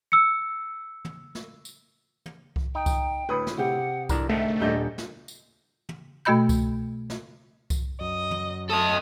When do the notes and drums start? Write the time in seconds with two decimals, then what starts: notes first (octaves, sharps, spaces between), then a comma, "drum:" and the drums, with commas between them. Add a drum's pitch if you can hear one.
0.12 E6 C#7
1.05 drum: tom
1.35 drum: snare
1.65 drum: tambourine
2.26 drum: tom
2.56 drum: kick C2
2.75 D#4 G5
2.86 drum: kick C2, tambourine
3.29 D2 A2 B4 D#6
3.47 drum: snare
3.58 C3 G4 F#5
4.09 F2 D4 E4 A#4, drum: kick C2, tambourine
4.29 G#2 D3 D#3 A3 E5
4.61 D#1 D4 D#5 G6
4.98 drum: snare
5.28 drum: tambourine
5.89 drum: tom
6.25 B2 A3 F#4 D#5 B5 G6
6.49 drum: kick C2, tambourine
7.10 drum: snare
7.70 drum: kick C2, tambourine
8.01 F#2 D#5
8.31 drum: tom
8.70 A3 A4 D#5 A5 D#6